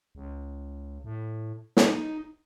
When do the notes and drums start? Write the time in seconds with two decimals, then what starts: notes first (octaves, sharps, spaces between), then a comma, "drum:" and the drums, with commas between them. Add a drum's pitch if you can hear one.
0.15 C#2
1.04 A2
1.77 D#4, drum: snare